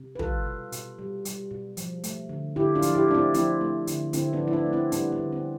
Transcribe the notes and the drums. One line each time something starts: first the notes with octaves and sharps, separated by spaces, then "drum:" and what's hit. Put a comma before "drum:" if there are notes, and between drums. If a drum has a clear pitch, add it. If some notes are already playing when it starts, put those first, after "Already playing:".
Already playing: C3
B4
G3 F4 A4, drum: tom
B2
B2, drum: hi-hat
G3
G3, drum: hi-hat
B2
F3, drum: hi-hat
A3, drum: hi-hat
D3
D3 E4 G4
D4 F4
F3, drum: hi-hat
E4 G4
A3 D4
C4 E4
F3 C4 E4, drum: hi-hat
A3
D3, drum: hi-hat
D3 C4 E4, drum: hi-hat
B3 D4
F3
E4
B3 D4
A3
C4 E4
G3 B3 D4, drum: hi-hat
B3
D3
C4